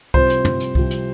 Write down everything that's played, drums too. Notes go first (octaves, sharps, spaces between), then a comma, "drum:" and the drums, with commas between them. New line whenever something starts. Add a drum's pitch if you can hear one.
C2 C3 F3 C4 F4 C5, drum: kick C2
drum: hi-hat
drum: tom
drum: hi-hat
C2 C3 F3 C4 F4, drum: kick C2
drum: hi-hat